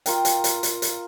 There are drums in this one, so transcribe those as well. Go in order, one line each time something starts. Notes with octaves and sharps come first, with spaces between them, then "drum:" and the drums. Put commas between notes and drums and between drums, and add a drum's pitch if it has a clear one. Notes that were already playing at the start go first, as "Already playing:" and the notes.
F4 A#4 G5, drum: hi-hat
drum: hi-hat
drum: hi-hat
drum: hi-hat
drum: hi-hat